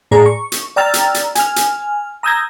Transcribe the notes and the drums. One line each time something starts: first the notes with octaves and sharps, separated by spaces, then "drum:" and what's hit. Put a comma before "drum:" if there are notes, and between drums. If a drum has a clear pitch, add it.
A2 G#4 D5 A#5
C#6
drum: hi-hat
D5 G5 A#5 E6 F6 A6
drum: hi-hat
drum: hi-hat
G#5 F6, drum: hi-hat
drum: hi-hat
A#5 D#6 E6 G6 G#6 A#6